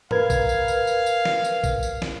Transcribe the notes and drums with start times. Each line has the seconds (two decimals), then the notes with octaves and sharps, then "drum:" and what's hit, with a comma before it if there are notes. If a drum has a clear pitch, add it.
0.11 A#4 B4 F5 G#6, drum: tom G2
0.30 drum: kick A#1, tambourine
0.49 drum: tambourine
0.68 drum: tambourine
0.87 drum: tambourine
1.06 drum: tambourine
1.25 drum: snare
1.45 drum: tambourine
1.64 drum: kick A#1, tambourine
1.83 drum: tambourine
2.02 drum: snare